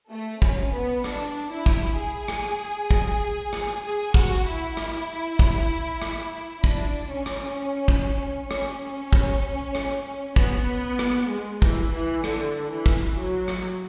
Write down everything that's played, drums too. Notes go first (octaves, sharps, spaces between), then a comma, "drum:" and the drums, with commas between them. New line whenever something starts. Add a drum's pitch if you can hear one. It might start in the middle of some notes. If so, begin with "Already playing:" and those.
A3
C#4, drum: kick
B3
D4, drum: rim click
E4
drum: kick
G#4
drum: rim click
drum: kick
drum: rim click
G#4
F#4, drum: kick
E4
drum: rim click
drum: kick
drum: rim click
D4, drum: kick
C#4
drum: rim click
drum: kick
C#4, drum: rim click
drum: kick
drum: rim click
B3, drum: kick
drum: rim click
G#3
E3, drum: kick
E3
D3, drum: rim click
E3
drum: kick
F#3
drum: rim click